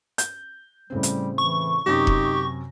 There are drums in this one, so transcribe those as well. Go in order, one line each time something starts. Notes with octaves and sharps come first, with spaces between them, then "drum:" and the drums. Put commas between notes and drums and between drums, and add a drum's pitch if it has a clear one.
G6, drum: hi-hat
A2 C#3 G3 C4
drum: hi-hat
E3 C#6
F#2 C3 D#4 G4 A#6
drum: kick E1